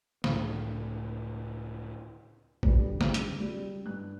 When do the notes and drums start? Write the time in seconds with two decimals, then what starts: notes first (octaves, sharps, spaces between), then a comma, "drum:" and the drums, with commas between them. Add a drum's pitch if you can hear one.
0.24 C#2 A2 D4, drum: snare
2.63 D3 G3 B4, drum: kick
3.01 drum: snare
3.14 C#3 G#3, drum: hi-hat
3.40 G3
3.85 G2 F#6